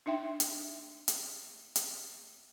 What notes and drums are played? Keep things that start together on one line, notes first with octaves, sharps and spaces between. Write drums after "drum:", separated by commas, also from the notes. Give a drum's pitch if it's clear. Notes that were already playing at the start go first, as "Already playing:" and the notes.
D4 D#4 E5 G5
drum: hi-hat
drum: hi-hat
drum: hi-hat